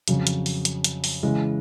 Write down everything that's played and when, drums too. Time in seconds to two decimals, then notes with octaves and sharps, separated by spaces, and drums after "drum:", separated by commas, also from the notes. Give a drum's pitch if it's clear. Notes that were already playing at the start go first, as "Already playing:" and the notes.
0.08 F2 C#3 F#3, drum: hi-hat
0.27 drum: hi-hat
0.46 drum: open hi-hat
0.65 drum: hi-hat
0.84 drum: hi-hat
1.04 drum: open hi-hat
1.23 C#3 E3 G#3